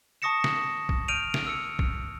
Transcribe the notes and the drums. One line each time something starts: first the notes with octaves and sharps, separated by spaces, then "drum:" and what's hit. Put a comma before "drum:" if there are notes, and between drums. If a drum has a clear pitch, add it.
A5 C#6 D#6 A#6 C#7 E7
drum: snare
drum: kick
F6 G6 D7 D#7 F7
drum: snare
E6 C#7
drum: kick